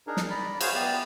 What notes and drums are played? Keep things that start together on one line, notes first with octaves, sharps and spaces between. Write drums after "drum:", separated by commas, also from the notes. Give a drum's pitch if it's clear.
D4 D#4 G#4 A#4
drum: snare
D5 A#5 B5
F#4 G#4 C5 C#5 F5 D#6, drum: cymbal
B3 G4 D5